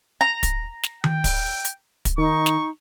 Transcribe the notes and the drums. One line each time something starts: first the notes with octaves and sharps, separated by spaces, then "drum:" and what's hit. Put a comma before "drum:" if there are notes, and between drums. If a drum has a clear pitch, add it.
A#5
drum: kick, hi-hat
drum: snare
G5, drum: tom D#3
drum: kick, open hi-hat
drum: hi-hat
drum: kick, hi-hat
D#3 D#4 C#6
drum: snare